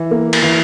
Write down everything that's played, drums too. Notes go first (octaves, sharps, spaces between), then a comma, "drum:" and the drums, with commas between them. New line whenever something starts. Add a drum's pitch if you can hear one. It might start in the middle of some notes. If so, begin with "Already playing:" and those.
Already playing: E3
A#3
drum: cymbal
E3